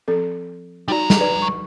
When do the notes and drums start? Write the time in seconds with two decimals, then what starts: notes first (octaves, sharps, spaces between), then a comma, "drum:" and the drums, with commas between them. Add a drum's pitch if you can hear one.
0.08 F3 C4 A4
0.88 G3 D#4 F#4 D5 A#5
1.10 drum: snare
1.20 B4 D5
1.42 C#6